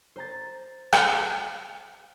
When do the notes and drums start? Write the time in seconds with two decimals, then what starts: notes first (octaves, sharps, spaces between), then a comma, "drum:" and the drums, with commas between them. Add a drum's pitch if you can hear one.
0.16 C5 A#5 A6
0.93 drum: rim click